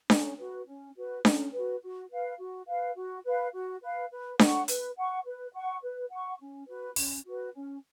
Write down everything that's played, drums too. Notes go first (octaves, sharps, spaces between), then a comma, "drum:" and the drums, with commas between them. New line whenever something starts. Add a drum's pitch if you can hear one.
C#4, drum: snare D4
F#4 B4
C#4
F#4 B4
C#4, drum: snare D4
F#4 B4
F#4
B4 F5
F#4
B4 F5
F#4
B4 F5
F#4
B4 F5
B4
F#5 C#6, drum: snare D4
B4, drum: hi-hat
F#5 C#6
B4
F#5 C#6
B4
F#5 C#6
C#4
F#4 B4
C#4, drum: open hi-hat
F#4 B4
C#4